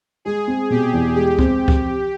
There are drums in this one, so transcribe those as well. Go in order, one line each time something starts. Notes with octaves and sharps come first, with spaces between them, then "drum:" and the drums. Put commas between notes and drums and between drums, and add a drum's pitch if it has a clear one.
G#3 G#4
C4
B2 G4
E2
G#3 G4
C4, drum: kick C#2
drum: kick C#2